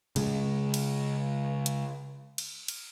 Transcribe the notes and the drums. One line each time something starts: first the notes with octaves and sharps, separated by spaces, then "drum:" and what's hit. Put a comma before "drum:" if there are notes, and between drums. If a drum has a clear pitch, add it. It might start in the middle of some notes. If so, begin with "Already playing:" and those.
C#3 G#3, drum: cymbal
drum: cymbal
drum: hi-hat
drum: cymbal
drum: cymbal